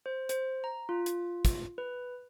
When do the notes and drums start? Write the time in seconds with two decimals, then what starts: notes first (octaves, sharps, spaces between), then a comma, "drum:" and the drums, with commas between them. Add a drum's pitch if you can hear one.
0.06 C5
0.29 C5, drum: hi-hat
0.64 A#5
0.89 F4
1.06 drum: hi-hat
1.45 drum: kick, hi-hat
1.78 B4